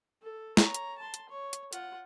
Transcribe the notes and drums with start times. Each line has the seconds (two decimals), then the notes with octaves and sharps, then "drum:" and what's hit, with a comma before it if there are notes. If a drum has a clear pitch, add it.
0.22 A4
0.57 C#5 A#5, drum: snare
0.74 drum: hi-hat
0.98 A5 C6
1.14 drum: hi-hat
1.29 C#5
1.53 drum: hi-hat
1.73 F4 F#5, drum: hi-hat